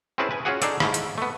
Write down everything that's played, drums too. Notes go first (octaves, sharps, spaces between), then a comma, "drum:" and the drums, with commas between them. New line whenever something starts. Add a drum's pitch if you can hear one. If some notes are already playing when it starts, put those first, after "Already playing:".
C4 C#4 E4 G#4 B4 A5
B4 G#5
C#4 F4 F#4 G#4 F#5
D4 D#4 G#4 A4 D5, drum: hi-hat
G#2 A3 E4 F5, drum: rim click
drum: hi-hat
A3 B3